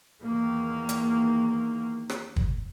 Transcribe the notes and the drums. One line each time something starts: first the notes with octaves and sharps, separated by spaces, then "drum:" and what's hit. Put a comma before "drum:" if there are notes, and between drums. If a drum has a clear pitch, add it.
E2 D#3 A#3
drum: hi-hat
drum: rim click
drum: kick